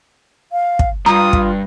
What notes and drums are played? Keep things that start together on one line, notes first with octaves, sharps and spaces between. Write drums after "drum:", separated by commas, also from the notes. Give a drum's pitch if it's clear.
F5
drum: kick
G2 F4 A#5 D#6
drum: kick